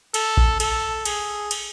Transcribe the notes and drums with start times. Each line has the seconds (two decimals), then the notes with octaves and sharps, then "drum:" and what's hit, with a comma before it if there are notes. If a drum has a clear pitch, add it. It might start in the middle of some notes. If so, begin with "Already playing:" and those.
0.14 A4, drum: cymbal
0.37 drum: kick A#1
0.60 A4, drum: cymbal
1.05 G#4, drum: cymbal
1.51 drum: cymbal